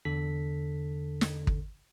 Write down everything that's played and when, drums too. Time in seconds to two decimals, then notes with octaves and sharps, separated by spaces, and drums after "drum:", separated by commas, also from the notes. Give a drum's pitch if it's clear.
0.05 E2 D3 A4 B6
1.21 drum: snare
1.47 drum: kick